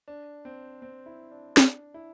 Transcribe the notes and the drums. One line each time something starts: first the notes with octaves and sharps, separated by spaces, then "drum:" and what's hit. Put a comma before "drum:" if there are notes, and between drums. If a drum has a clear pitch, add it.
D4
C4
C4
E4
D4
D4, drum: snare
E4